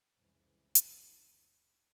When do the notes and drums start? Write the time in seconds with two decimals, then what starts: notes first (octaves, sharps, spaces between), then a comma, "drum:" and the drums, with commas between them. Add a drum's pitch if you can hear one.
0.18 F1 C2 F2 C#3 E3 G#3
0.75 drum: hi-hat